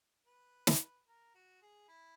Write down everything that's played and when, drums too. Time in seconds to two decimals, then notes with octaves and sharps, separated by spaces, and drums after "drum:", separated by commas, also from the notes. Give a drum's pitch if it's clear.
0.27 B4
0.67 drum: snare
1.08 A#4
1.35 F#4
1.62 G#4
1.88 E4